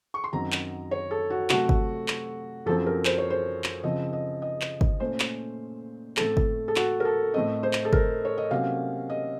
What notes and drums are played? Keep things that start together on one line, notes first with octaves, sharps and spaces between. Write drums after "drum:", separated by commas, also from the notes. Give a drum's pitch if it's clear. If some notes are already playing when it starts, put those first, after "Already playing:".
C#6
C6
F#2 D#3 F#3 C4 A#5
drum: clap
C#5
A4
F#4
C3 F#3 A3 F#4, drum: clap
drum: kick G1
drum: clap
F#2 F3 C4 A4
A#4
C5, drum: clap
C#5
C5
drum: clap
C#3 F3 C4 D#5
D#5
D#5
drum: clap
drum: kick G1
A#2 A3 C#4 C5
drum: clap
A2 A3 C4 A4, drum: clap
drum: kick G1
A4
F#4, drum: clap
A#4
A4
A2 A3 C4 D#5
C5
drum: clap
A4
A#4, drum: kick G1
C#5
D#5
C3 F#3 A#3 C#4 F5
D#5